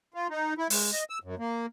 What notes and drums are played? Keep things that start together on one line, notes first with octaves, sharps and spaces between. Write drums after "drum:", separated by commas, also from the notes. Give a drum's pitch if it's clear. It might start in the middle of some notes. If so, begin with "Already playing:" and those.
F4
D#4
E4
G#3, drum: open hi-hat
D#5
E6
F#2
A#3